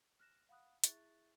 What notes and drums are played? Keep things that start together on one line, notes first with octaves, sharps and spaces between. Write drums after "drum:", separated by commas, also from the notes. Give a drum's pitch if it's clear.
F6 F#6 A#6 E7
F5 F#5 B5 D#6 F#6
E4 G#4 E5 C#6 F#6 A6, drum: hi-hat